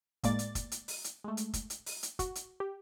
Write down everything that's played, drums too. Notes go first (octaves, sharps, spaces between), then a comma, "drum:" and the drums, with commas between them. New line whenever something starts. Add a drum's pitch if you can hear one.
A2 G#3 A#3 D5 A6, drum: kick, hi-hat
drum: hi-hat
drum: kick, hi-hat
drum: hi-hat
drum: open hi-hat
drum: hi-hat
G#3 A3
drum: hi-hat
drum: kick, hi-hat
drum: hi-hat
drum: open hi-hat
drum: hi-hat
F#4, drum: kick, hi-hat
drum: hi-hat
G4